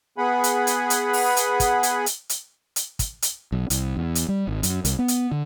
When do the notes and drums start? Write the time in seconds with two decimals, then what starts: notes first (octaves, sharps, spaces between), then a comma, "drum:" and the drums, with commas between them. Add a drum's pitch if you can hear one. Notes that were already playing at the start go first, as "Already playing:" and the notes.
0.18 B3 G#4 F#5 G#5 B5
0.44 drum: hi-hat
0.67 drum: hi-hat
0.90 drum: hi-hat
1.13 drum: open hi-hat
1.37 drum: hi-hat
1.60 drum: kick, hi-hat
1.83 drum: hi-hat
2.06 drum: hi-hat
2.29 drum: hi-hat
2.76 drum: hi-hat
2.99 drum: kick, hi-hat
3.22 drum: hi-hat
3.52 B1
3.70 C2, drum: hi-hat
3.97 E2
4.15 drum: hi-hat
4.29 G3
4.47 G#1
4.63 F#2, drum: hi-hat
4.85 C2, drum: hi-hat
4.99 B3
5.08 drum: hi-hat
5.31 D3